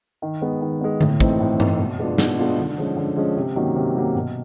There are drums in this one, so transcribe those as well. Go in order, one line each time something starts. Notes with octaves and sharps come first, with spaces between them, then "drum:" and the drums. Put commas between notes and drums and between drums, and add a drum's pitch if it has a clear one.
D#3
G#3 B3
D#3
G#3 B3
A2, drum: tom D3
E3 A3 C4 D#4, drum: kick
A2
E3 A3 C4 D#4, drum: tom G2
B2
G#3 B3 D4 F4
B2, drum: snare
G#3 B3 D4 F4
D3
F3 G#3 C#4
D3
F3 G#3 C#4
C3
D#3 F#3 A#3 C#4
C3
D#3 F#3 A#3 C#4
B2